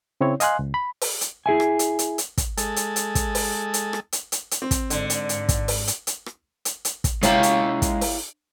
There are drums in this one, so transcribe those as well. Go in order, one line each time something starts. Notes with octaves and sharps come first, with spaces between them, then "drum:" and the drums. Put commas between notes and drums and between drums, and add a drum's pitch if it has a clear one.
C#3 C4 E4 C#5
D#5 F5 G#5 C6 F#6, drum: hi-hat
C#2
B5
drum: open hi-hat
drum: hi-hat
E4 G#4 E5 G#5
drum: rim click
drum: hi-hat
drum: hi-hat
drum: hi-hat
drum: kick, hi-hat
G#3 A4, drum: hi-hat
drum: hi-hat
drum: hi-hat
drum: kick, hi-hat
drum: open hi-hat
drum: hi-hat
drum: rim click
drum: hi-hat
drum: hi-hat
drum: hi-hat
C4
drum: kick, hi-hat
G#2 D3, drum: hi-hat
drum: hi-hat
drum: hi-hat
drum: kick, hi-hat
drum: open hi-hat
drum: hi-hat
drum: hi-hat
drum: rim click
drum: hi-hat
drum: hi-hat
drum: kick, hi-hat
G#3 A#3 E4 F4 G4 C#5 F5, drum: hi-hat
drum: hi-hat
drum: kick, hi-hat
drum: open hi-hat